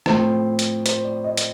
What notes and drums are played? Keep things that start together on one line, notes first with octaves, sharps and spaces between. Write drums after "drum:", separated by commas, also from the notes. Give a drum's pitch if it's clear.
A2 F3 C4 C5, drum: rim click
drum: hi-hat
C5, drum: hi-hat
D5
D#5
drum: hi-hat